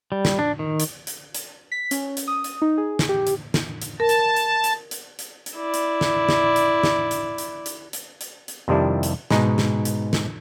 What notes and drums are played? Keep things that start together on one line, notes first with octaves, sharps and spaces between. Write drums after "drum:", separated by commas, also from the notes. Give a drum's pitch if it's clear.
G3
drum: snare
D4
D#3
drum: hi-hat
drum: hi-hat
drum: hi-hat
B6
C#4, drum: hi-hat
drum: hi-hat
D#6
drum: hi-hat
D#4
G#4
drum: snare
G4
drum: hi-hat
drum: snare
drum: hi-hat
A#4 A5
drum: hi-hat
drum: hi-hat
drum: hi-hat
drum: hi-hat
drum: hi-hat
drum: hi-hat
E4 D5
drum: hi-hat
drum: snare
drum: snare
drum: hi-hat
drum: snare
drum: hi-hat
drum: hi-hat
drum: hi-hat
drum: hi-hat
drum: hi-hat
drum: hi-hat
F2 C3 D#3 G3 D4 E4
drum: hi-hat
G#2 B2 G#3 D#4, drum: snare
drum: snare
drum: hi-hat
drum: snare